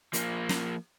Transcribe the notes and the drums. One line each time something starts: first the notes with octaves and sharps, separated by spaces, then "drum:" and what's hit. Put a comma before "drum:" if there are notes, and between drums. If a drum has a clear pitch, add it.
F3 A#3, drum: hi-hat
drum: snare